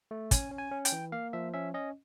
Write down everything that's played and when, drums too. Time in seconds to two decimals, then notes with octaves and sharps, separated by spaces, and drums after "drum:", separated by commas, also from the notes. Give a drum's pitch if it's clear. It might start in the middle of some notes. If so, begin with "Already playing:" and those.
0.11 A3
0.31 C#4 G#5, drum: kick, hi-hat
0.51 C#4
0.58 G#5
0.72 C#4
0.85 G5, drum: hi-hat
0.92 E3
1.12 A#3 F5
1.33 F3 E5
1.54 C#4 E5
1.74 C#4 D#5